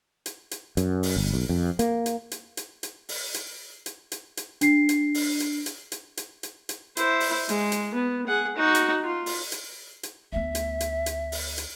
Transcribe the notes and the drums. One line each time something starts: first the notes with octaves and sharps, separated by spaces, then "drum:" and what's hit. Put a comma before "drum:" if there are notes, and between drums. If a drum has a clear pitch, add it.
drum: hi-hat
drum: hi-hat
F#2, drum: hi-hat
drum: open hi-hat
G1
B1
F2
A#3, drum: hi-hat
drum: hi-hat
drum: hi-hat
drum: hi-hat
drum: hi-hat
drum: open hi-hat
drum: hi-hat
drum: hi-hat
drum: hi-hat
drum: hi-hat
D4 C7, drum: hi-hat
drum: hi-hat
drum: open hi-hat
drum: hi-hat
drum: hi-hat
drum: hi-hat
drum: hi-hat
drum: hi-hat
drum: hi-hat
E4 C5, drum: hi-hat
drum: open hi-hat
G#3, drum: hi-hat
drum: hi-hat
B3
G#4 F#5
D#4 F#4
drum: hi-hat
F4
drum: open hi-hat
drum: hi-hat
drum: hi-hat
D2 B3 E5
drum: hi-hat
drum: hi-hat
drum: hi-hat
drum: open hi-hat
drum: hi-hat